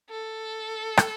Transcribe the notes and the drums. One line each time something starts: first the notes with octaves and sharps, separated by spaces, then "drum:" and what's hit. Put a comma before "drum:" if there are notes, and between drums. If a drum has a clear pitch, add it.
A4
drum: rim click